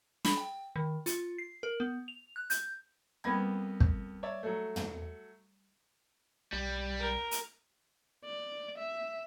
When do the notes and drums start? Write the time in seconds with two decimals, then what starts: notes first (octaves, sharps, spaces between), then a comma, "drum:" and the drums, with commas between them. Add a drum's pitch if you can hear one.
0.25 B5, drum: snare
0.37 G5
0.76 D#3
1.06 F4, drum: hi-hat
1.38 C7
1.63 A#4
1.80 B3
2.08 F7
2.36 F#6
2.50 G6, drum: hi-hat
3.24 F2 G3 A#3 B3 B5 G#6
3.80 drum: kick
4.23 C#5 D5 E5
4.43 F#3 A3
4.76 drum: tom
6.53 B1 G3
7.00 A#4
7.31 drum: hi-hat
8.25 D5
8.78 E5